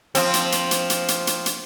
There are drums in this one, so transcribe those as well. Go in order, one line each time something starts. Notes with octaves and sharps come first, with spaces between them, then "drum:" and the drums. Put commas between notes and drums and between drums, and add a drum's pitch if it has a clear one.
F3 C4, drum: hi-hat
drum: hi-hat
drum: hi-hat
drum: hi-hat
drum: hi-hat
drum: hi-hat
drum: hi-hat
drum: hi-hat